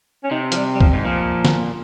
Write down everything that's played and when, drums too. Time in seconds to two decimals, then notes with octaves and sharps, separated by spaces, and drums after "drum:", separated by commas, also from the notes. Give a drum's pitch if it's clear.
0.24 C#4
0.31 C3 D#4
0.52 F3, drum: hi-hat
0.56 G3
0.75 G3
0.81 F3, drum: kick
0.93 G#2
1.04 A#2 F3
1.45 drum: snare